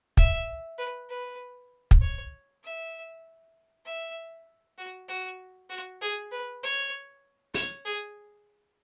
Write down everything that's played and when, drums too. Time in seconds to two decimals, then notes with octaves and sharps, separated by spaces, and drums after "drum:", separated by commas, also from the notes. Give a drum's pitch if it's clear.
0.17 E5, drum: kick
0.78 B4
1.09 B4
1.91 drum: kick
2.01 C#5
2.63 E5
3.85 E5
4.78 F#4
5.08 F#4
5.70 F#4
6.01 G#4
6.32 B4
6.63 C#5
7.54 C#5, drum: open hi-hat
7.85 G#4